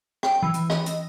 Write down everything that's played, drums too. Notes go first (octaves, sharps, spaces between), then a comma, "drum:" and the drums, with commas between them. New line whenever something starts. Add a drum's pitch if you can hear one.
G5, drum: rim click
E3
drum: hi-hat
D#5, drum: rim click
drum: hi-hat